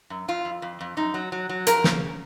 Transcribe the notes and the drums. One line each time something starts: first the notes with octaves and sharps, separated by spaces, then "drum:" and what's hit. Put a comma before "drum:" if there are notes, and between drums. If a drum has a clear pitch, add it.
F#2
F2 F4
F2
F2
F2
F#2 D#4
F#3
F#3
F#3
F2 A#4, drum: hi-hat
C#3, drum: snare